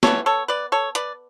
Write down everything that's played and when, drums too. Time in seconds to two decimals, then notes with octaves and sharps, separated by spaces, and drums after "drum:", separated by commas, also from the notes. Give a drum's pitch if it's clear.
0.03 E3 B3 A4 C#5, drum: snare
0.26 A4 C#5
0.48 B4 D5
0.72 A4 C#5
0.95 B4 D5, drum: hi-hat